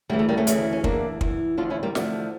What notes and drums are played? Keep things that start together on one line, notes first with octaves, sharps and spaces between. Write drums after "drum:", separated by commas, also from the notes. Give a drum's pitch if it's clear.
D2 C#3 E3 G3
A3
G3 A#3
A3 C#4
D2 C#3 E3, drum: hi-hat
C#4
E2 E3 A#3 D4, drum: kick
E2 E3, drum: kick
E2 D3 F3 D4 F4
C#4 E4
G3 A#3
E2 D3 F3 A3, drum: snare